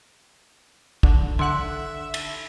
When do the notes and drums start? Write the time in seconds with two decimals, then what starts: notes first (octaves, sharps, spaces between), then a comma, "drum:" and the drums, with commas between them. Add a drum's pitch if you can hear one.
1.03 D3, drum: kick
1.39 D3 E5 F#5 C6 F#6
2.14 drum: cymbal